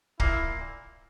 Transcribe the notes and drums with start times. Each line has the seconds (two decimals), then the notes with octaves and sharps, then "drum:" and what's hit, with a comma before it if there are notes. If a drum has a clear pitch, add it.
0.20 A#2 A#3 E4, drum: kick